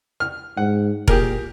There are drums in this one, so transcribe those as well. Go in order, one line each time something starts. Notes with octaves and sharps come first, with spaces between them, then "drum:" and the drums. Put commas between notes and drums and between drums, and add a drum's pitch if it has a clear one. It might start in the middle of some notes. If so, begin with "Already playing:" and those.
F6
G#2 F#5
A#2 G4 G#4 A#4, drum: kick E1